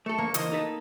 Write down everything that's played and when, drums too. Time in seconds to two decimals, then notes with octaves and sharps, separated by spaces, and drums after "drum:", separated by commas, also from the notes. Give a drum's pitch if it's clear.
0.06 A3 A4 C#6
0.18 A#3
0.34 C#2 E3 C5 D#5, drum: hi-hat
0.52 D#4 A4 B4